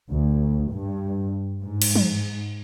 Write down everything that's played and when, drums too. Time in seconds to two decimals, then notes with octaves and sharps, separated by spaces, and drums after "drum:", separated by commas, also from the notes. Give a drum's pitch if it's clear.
0.12 D2
0.73 G2
1.64 G#2
1.82 drum: cymbal
1.96 drum: tom